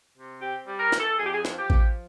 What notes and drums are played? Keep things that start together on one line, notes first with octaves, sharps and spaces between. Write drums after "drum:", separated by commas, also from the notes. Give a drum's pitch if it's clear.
C3
C4 G4
G3
A#4
E3, drum: snare
A4
F2 G#4
G4
G#4
F3, drum: snare
G4
F3, drum: kick A1